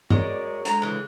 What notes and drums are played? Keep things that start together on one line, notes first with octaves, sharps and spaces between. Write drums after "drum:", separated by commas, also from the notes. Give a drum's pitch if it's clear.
G#3 F#4 A#4 C#5 D5, drum: tom
D3 G#3 A#5, drum: hi-hat
C#3 E3 F#6